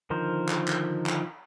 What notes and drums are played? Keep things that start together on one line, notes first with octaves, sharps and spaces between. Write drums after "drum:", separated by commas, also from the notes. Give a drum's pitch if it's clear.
D3 D#3 F3 A#4 C5
drum: clap
drum: clap
drum: clap